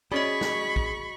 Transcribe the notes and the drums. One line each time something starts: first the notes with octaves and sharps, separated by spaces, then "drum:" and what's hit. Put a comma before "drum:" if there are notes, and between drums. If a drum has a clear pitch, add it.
C#4 F#4 G#4 D5 D#5 B5 C#6
drum: snare
drum: kick